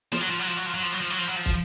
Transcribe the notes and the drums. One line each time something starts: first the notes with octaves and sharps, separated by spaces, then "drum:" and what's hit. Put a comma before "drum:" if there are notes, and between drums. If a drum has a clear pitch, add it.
F3, drum: snare
F#3
F3
F#3
F3
F#3
F3
F#3
F3
F#3
F3
F#3
F3
F#3
F3
drum: kick